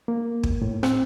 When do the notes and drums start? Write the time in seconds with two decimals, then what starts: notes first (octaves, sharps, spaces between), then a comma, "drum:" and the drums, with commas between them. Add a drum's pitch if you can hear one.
0.08 A#3
0.43 drum: kick
0.62 A2
0.83 C4, drum: rim click